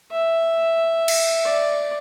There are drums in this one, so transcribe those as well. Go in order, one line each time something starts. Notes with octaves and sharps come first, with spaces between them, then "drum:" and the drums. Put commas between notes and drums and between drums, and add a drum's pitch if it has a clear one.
E5
drum: cymbal
D5